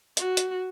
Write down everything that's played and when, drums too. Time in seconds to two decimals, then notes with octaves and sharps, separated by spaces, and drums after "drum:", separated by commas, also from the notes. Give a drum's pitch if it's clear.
0.17 F#4, drum: hi-hat
0.37 drum: hi-hat